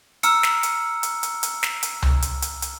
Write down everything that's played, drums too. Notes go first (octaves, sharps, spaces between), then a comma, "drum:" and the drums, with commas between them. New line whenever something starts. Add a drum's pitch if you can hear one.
A#5 E6 F6 C#7, drum: hi-hat
drum: snare
drum: hi-hat
drum: hi-hat
drum: hi-hat
drum: hi-hat
drum: snare
drum: hi-hat
drum: tom C2
drum: hi-hat
drum: hi-hat
drum: hi-hat